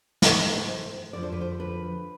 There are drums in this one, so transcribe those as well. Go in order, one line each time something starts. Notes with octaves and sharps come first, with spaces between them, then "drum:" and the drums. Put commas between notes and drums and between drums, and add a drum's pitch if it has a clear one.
G#2 E3 A3, drum: snare
C5
F2 D3 F3 D5
C5
B4
C5
B4